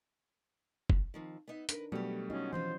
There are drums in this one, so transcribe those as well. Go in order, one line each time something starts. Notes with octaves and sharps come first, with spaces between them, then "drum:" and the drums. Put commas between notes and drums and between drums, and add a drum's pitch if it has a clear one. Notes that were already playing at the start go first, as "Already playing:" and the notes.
drum: kick
D#3 F3 C4
B3 D#4 E5
D4 A#4 B4, drum: hi-hat
B2 F#3 G3 A3 G4
C#4 D#4 F4 F#4 D#5
D#2 B2 E3 F3 C#4 F4 C5